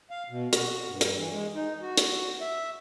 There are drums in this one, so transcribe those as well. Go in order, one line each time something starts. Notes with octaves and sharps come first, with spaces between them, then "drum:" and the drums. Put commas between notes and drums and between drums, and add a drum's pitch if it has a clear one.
F5
B2
F#4, drum: hi-hat
G2
drum: hi-hat
E3
G#3
D#4
F#4
drum: hi-hat
E5